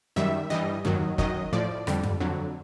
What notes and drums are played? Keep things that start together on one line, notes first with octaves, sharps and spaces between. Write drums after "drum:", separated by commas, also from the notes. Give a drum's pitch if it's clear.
F#2 D#3 G3 E5
G2 E3 G3 D#5
D#2 D#3 F#3, drum: tom F#2
F#2 D#3 F#3 D#5, drum: kick
A2 F3 D5
F2 D3 G3, drum: rim click
drum: tom F#2
F2 D3 F#3